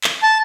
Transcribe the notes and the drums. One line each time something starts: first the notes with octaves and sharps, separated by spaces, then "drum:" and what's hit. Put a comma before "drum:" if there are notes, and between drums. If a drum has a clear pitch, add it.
drum: clap
A5